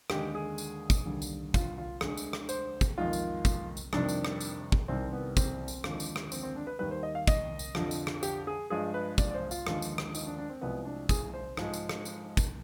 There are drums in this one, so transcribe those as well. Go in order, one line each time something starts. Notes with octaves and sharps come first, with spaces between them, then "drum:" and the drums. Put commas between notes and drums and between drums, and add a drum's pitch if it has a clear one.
D#2 D3 G#3 G4, drum: rim click
G#4
drum: tambourine
drum: kick, tambourine
D#2 D3 G3
drum: tambourine
F4, drum: kick, tambourine
F4
D2 D3 G#3 G#4, drum: rim click
drum: tambourine
drum: rim click
C5, drum: tambourine
drum: kick, tambourine
F2 D#3 G#3 F4
drum: tambourine
drum: kick, tambourine
drum: tambourine
F2 C3 D#3 G3 D4, drum: rim click
drum: tambourine
drum: rim click
drum: tambourine
drum: kick
C2 C3 D#3 G3 C4
B3
C4, drum: kick, tambourine
drum: tambourine
D#2 D3 F3 G#3, drum: rim click
drum: tambourine
drum: rim click
C4, drum: tambourine
C4
D4
B4
D#2 D#3 G3 B4
C5
D#5
F5
D#5, drum: kick, tambourine
drum: tambourine
F2 D3 F3, drum: rim click
drum: tambourine
drum: rim click
G4, drum: tambourine
G#4
G2 F3 G#3 G#4
B4
D5, drum: kick, tambourine
D5
C5
F4, drum: tambourine
D#2 D3 F3 G#3, drum: rim click
drum: tambourine
drum: rim click
D#4, drum: tambourine
D4
D4
C4
C2 C3 F3 G#3 B3
D4
G#4, drum: kick, tambourine
C5
G#2 F3 G#3, drum: rim click
drum: tambourine
drum: rim click
drum: tambourine
drum: kick, tambourine